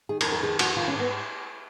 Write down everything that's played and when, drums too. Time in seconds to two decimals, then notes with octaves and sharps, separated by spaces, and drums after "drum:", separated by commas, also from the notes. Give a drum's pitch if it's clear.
0.09 D#3 G#4
0.21 A#4, drum: cymbal
0.26 F2
0.32 A#4
0.42 D#3 G#4
0.59 F2 F#4, drum: cymbal
0.76 D#3 F4
0.88 C#4
0.94 G#2 B3